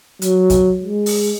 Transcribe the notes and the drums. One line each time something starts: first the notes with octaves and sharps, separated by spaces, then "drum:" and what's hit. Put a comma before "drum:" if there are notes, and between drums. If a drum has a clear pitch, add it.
F#3, drum: hi-hat
drum: kick, hi-hat
G#3
drum: open hi-hat